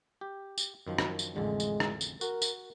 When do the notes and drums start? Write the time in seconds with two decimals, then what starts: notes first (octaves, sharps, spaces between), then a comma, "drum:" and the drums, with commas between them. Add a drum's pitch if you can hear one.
0.21 G4
0.58 drum: tambourine
0.87 F#2 D#3 F3
0.98 drum: rim click
1.19 drum: tambourine
1.36 A1 F2 D3 G#3
1.60 drum: tambourine
1.80 drum: rim click
2.01 drum: tambourine
2.21 F#4 A#4, drum: tambourine
2.42 drum: tambourine